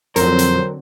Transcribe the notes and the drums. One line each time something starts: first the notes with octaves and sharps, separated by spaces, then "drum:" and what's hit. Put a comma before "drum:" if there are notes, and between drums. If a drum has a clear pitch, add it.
F2 D3 F#3 C4 A#4 C5, drum: hi-hat
drum: hi-hat